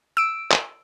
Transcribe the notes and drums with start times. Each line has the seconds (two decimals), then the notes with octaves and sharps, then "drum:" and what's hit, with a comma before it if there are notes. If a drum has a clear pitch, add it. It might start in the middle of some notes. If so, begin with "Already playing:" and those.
0.17 E6 D7
0.51 drum: clap